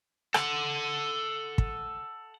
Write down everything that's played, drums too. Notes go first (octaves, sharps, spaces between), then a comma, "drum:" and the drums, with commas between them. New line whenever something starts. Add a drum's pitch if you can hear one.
A4 F#5, drum: rim click
drum: kick